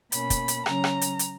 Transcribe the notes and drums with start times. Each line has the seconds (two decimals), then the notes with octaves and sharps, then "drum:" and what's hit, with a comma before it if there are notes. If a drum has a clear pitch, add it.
0.12 B2 A#3 C#4 B5, drum: hi-hat
0.30 drum: kick, hi-hat
0.48 drum: hi-hat
0.66 C#3 F#3 C#4 A#5, drum: rim click
0.84 drum: rim click
1.01 drum: hi-hat
1.19 drum: hi-hat